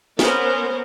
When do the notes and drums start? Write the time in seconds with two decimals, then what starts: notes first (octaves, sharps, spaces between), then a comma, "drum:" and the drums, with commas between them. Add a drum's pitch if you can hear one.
0.19 B3 C#4 A#4 C5, drum: snare